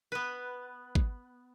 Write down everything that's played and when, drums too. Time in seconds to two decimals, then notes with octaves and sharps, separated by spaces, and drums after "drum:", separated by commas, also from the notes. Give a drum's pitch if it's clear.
0.12 B3 B4
0.95 drum: kick